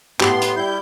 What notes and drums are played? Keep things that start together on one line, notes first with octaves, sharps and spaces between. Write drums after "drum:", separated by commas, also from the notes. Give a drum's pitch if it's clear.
A2 B3 G4 C6, drum: clap
drum: hi-hat
G3 E4 G6